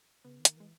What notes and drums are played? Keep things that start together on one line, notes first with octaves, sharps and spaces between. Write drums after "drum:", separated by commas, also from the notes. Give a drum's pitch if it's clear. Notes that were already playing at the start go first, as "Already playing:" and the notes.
C#3 B3
D#3
A#3, drum: hi-hat
E3 G#3